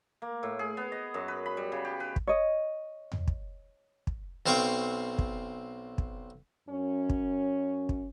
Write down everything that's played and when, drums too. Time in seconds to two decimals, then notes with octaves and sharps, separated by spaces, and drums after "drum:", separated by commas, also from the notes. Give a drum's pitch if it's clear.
0.22 A#3
0.43 A2
0.59 G#4
0.77 B3
0.92 D#5
1.14 F#2
1.28 B4
1.46 B5
1.57 G3
1.72 C#3
1.85 G4
2.00 B4
2.16 drum: kick
2.27 C#5 D#5
3.12 drum: tom
3.28 drum: kick
4.07 drum: kick
4.46 B1 C4 F5 G5 C#6
5.18 drum: kick
5.98 drum: kick
6.69 F#2 C#4
7.09 drum: kick
7.89 drum: kick